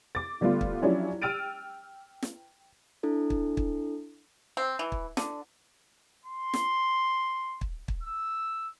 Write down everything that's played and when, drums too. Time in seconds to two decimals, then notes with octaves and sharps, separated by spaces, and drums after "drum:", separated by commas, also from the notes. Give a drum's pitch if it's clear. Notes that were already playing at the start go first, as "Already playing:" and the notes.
0.15 D6 A6
0.41 D3 G3 A3 B3 F4
0.61 drum: kick
0.82 F3 F#3 C#4 D4 E4 G4
1.22 G5 E6 F6 A6 D7 D#7
2.22 drum: snare
3.03 D4 E4 A4
3.30 drum: kick
3.57 drum: kick
4.57 C4
4.79 E3
4.92 drum: kick
5.17 D3, drum: snare
6.26 C6
6.54 drum: snare
7.61 drum: kick
7.88 drum: kick
8.03 E6